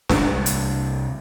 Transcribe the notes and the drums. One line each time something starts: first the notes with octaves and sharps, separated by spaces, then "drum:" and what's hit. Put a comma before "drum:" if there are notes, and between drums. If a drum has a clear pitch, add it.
C2 C3 D4, drum: snare D4
drum: hi-hat